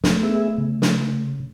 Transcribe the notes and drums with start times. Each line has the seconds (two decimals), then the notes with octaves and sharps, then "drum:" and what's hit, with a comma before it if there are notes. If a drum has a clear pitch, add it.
0.04 A3, drum: snare
0.23 B3 G#4 E5
0.58 C#3
0.82 drum: snare